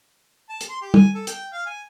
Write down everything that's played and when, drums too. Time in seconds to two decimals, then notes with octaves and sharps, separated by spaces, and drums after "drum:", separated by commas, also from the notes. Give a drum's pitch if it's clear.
0.49 A5
0.61 drum: hi-hat
0.70 C6
0.82 G4
0.94 G#5, drum: tom
1.15 A4
1.27 G5, drum: hi-hat
1.52 F5
1.66 G#5